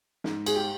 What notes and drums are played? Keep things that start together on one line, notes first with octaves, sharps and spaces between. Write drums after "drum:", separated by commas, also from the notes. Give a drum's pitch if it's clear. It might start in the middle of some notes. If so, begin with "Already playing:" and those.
G#2, drum: snare
G#4, drum: cymbal
G4